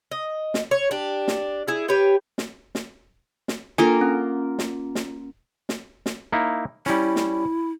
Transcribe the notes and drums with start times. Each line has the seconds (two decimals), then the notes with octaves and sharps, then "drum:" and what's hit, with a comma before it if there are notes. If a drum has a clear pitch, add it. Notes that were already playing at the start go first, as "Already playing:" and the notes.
0.12 D#5
0.54 drum: snare
0.71 C#5
0.91 D4 G4
1.28 drum: snare
1.68 E4 G#4
1.88 G4 B4 C#5 G5
2.38 drum: snare
2.75 drum: snare
3.48 drum: snare
3.78 A#3 D4 F4 A4 A#4 G#5
4.01 C#4
4.59 drum: snare
4.95 drum: snare
5.69 drum: snare
6.06 drum: snare
6.32 A#3 D#4 E4
6.86 G3 C#4 E4
7.16 drum: snare